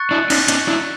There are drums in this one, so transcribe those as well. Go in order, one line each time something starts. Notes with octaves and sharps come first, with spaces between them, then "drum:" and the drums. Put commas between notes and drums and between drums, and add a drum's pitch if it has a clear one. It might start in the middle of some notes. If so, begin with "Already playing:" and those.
Already playing: C#6 F#6 A6 C#7
D4 E4
C#4 D#4, drum: cymbal
C#4 D#4, drum: hi-hat
D4 E4